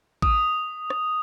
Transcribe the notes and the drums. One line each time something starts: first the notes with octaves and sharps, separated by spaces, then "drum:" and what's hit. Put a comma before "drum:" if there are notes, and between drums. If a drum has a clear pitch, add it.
D#6, drum: kick A1
drum: rim click